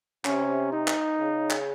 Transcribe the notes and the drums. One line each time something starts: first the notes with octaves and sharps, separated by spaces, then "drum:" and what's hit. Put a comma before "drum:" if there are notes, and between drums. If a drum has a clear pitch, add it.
C3 C#4, drum: clap
D#4
drum: clap
C#3
drum: clap